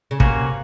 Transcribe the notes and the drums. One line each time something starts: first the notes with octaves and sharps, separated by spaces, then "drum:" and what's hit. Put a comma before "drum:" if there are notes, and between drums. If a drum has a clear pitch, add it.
C#3
C3 A#3 C#4 F#4, drum: kick